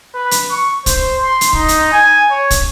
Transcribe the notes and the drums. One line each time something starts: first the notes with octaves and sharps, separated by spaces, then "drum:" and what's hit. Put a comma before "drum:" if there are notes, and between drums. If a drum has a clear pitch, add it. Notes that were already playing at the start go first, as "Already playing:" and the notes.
B4
drum: hi-hat
C#6
C5, drum: kick, hi-hat
C6
drum: hi-hat
D#4, drum: kick
drum: hi-hat
G#5
C#5
drum: kick, hi-hat